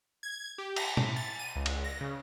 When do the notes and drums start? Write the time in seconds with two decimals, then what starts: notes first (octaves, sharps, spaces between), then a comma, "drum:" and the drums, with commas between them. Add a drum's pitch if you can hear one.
0.23 G#6
0.58 G4
0.76 A#6, drum: cymbal
0.97 A2, drum: tom B2
1.16 A6
1.39 D#7
1.56 C#2
1.66 drum: cymbal
1.84 A#6
2.01 C#3